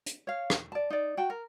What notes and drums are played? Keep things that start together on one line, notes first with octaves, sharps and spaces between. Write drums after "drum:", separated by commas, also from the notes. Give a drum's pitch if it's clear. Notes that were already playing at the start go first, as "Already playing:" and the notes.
drum: hi-hat
C#5 F5
drum: rim click
D5 A5
D#4 D5
F#4 G5 A5
A#4